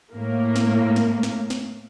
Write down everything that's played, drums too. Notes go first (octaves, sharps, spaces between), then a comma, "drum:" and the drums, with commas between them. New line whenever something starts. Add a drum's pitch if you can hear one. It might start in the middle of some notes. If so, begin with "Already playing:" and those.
A2 A#3
drum: snare
drum: snare
drum: snare
drum: snare